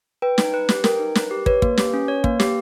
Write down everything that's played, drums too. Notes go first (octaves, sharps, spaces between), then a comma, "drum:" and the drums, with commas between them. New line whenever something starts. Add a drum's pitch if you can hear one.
B4 G5
D#4, drum: snare
B4
G4, drum: snare
A#4 G5, drum: snare
D#4
B4, drum: snare
G4
B4 C#5, drum: kick
A#3, drum: kick
G4, drum: snare
C#4
C#5
A#3, drum: kick
G4, drum: snare